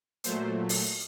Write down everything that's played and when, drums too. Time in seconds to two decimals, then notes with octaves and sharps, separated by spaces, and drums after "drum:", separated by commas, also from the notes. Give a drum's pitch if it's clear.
0.24 A#2 F#3 A3 C5, drum: hi-hat
0.69 drum: open hi-hat